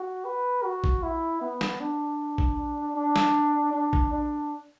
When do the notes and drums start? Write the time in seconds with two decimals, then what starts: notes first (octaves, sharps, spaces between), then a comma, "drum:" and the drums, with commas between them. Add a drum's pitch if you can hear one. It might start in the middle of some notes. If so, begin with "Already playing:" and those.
Already playing: F#4
0.25 B4
0.64 F#4
0.84 drum: kick A#1
1.03 E4
1.41 B3
1.61 drum: snare
1.80 D4
2.38 drum: kick A#1
2.96 D4
3.16 drum: snare
3.73 D4
3.93 drum: kick A#1
4.13 D4